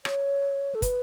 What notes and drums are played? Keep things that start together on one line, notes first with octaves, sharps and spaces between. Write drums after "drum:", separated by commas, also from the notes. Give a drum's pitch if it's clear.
C#5, drum: rim click
A4
B4, drum: kick, hi-hat